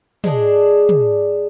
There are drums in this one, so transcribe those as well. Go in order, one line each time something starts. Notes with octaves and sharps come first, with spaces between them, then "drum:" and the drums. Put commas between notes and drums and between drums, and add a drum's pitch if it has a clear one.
G#3 D4 G#4, drum: tom
drum: tom